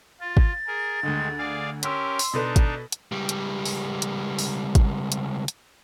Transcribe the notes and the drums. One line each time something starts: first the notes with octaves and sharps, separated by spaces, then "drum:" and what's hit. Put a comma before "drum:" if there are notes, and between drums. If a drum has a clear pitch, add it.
F4 A6
drum: kick G#1
G#4 A#4
D2 D3 D#3 G#3
G#4 D5 F5
C#4 G4 A#4 C6 E6 B6, drum: hi-hat
drum: open hi-hat
B2 D4 D#4 A4 B4
drum: kick G#1, hi-hat
drum: hi-hat
C#2 G3
drum: hi-hat
drum: open hi-hat
drum: hi-hat
drum: open hi-hat
drum: kick G#1, hi-hat
drum: hi-hat
drum: hi-hat